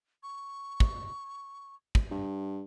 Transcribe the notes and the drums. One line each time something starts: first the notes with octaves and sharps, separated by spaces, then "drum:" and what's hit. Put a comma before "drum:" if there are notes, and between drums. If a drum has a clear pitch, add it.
C#6
drum: kick
drum: kick
G2